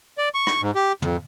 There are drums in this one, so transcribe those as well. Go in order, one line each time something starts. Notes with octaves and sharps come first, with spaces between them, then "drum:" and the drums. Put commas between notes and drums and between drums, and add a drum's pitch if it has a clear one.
D5
C#6
drum: rim click
G#2
G4
F2, drum: tom